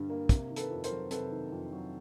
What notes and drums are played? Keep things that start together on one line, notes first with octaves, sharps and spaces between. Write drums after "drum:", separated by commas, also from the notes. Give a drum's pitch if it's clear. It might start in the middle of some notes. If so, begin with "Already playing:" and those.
Already playing: G2 D3 G3
A#3
C3, drum: kick, hi-hat
D#3
A4 B4, drum: hi-hat
F2
A#4 C5, drum: hi-hat
F#3
C3 A4 B4, drum: hi-hat
D#3
F2
F#3